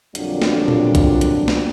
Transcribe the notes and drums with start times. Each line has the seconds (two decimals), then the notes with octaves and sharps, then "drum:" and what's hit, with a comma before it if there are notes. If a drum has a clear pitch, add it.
0.15 F2 A#2 D3 F#3 G3 D4, drum: hi-hat
0.42 drum: snare
0.68 drum: tom A#2
0.95 drum: kick, hi-hat
1.21 drum: hi-hat
1.48 drum: snare